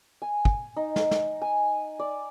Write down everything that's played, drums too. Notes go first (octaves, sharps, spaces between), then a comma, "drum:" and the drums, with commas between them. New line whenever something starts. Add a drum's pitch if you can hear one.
G#5
drum: kick
D#4
drum: snare
drum: snare
G#5
D5